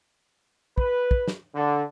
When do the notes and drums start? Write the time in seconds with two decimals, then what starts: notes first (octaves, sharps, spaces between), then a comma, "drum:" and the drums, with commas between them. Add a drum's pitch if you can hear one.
0.78 B4, drum: kick
1.11 drum: kick
1.28 drum: snare
1.55 D3